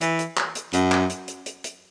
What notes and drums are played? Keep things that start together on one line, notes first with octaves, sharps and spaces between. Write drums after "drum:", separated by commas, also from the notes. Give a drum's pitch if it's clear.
E3, drum: hi-hat
drum: hi-hat
drum: clap
drum: hi-hat
F#2, drum: hi-hat
drum: clap
drum: hi-hat
drum: hi-hat
drum: hi-hat
drum: hi-hat